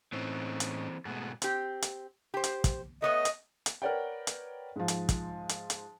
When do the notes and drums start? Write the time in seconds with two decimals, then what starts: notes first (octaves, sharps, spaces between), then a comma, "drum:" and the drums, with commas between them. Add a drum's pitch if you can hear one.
0.13 A2 E3 C4 C#4 D#4
0.60 drum: hi-hat
1.05 G#2 B2 A3 G#4 F#5
1.42 C4 G4, drum: hi-hat
1.82 drum: hi-hat
2.34 G4 C5
2.44 drum: hi-hat
2.64 drum: kick, hi-hat
3.02 A3 B3 C#5 D#5
3.25 drum: hi-hat
3.66 drum: hi-hat
3.82 A#4 B4 C#5 D5 F#5 G5
4.27 drum: hi-hat
4.76 G#2 F3
4.88 drum: hi-hat
5.09 drum: kick, hi-hat
5.49 drum: hi-hat
5.70 drum: hi-hat